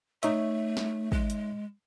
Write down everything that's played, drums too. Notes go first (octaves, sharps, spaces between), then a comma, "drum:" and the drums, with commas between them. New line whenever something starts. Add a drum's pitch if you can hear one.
A3 D#4 C#5 E5, drum: hi-hat
drum: snare
G#3, drum: kick
drum: hi-hat